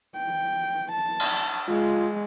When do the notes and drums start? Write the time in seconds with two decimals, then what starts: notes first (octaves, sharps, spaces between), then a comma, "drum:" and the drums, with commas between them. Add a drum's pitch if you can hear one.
0.16 G5
0.92 A5
1.20 drum: cymbal
1.69 G#3 F4